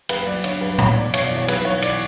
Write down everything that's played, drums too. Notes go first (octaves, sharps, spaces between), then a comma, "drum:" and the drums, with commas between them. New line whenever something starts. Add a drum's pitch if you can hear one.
F#1 B4, drum: cymbal
F#3 D5
D3 C#5, drum: cymbal
F#2 B4
E1 C#5, drum: tom A2
E1 D5
B2 C#5, drum: cymbal
D5
E2
C#5
B1 B4, drum: cymbal
B1 C#5
E3 D5, drum: cymbal